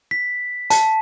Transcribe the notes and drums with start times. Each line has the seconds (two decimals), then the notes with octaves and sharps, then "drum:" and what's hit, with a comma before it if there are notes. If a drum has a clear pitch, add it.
0.11 B6
0.70 A5, drum: hi-hat